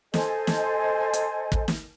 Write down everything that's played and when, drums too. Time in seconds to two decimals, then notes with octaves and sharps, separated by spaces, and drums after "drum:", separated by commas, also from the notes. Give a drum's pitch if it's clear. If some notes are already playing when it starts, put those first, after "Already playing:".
0.14 A4 C5 D#5 G#5, drum: snare
0.47 drum: snare
1.13 drum: hi-hat
1.52 drum: kick
1.68 drum: snare